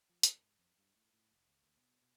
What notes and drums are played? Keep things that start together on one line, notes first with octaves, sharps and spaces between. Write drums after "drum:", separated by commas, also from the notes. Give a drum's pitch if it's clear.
F3
D2, drum: hi-hat
G#2
F2
G2
A2
A2
F1
C#2
D2
B2
B2